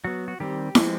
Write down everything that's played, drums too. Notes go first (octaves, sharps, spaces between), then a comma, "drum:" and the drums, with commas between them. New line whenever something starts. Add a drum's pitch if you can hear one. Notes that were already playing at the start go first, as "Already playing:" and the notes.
F#3 B3 F#4
F#4
D#3 G3 C4 G4
F3 G#3 C4, drum: snare E4